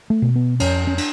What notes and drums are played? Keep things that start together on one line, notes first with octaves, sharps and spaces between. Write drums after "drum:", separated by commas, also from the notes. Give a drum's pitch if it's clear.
A3
B2
B3
F2 C#4, drum: cymbal
C#4
D4, drum: cymbal